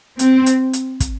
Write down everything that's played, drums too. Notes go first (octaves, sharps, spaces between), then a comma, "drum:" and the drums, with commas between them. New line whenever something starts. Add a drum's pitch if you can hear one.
C4, drum: hi-hat
drum: hi-hat
drum: hi-hat
drum: kick, hi-hat